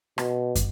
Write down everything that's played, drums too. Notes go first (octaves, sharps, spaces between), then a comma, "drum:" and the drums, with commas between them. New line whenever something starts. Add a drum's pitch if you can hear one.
B2, drum: rim click
drum: kick, hi-hat